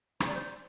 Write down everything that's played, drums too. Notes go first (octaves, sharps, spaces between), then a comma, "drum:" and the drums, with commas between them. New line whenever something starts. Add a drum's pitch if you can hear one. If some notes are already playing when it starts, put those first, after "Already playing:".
C5, drum: rim click
D5
C5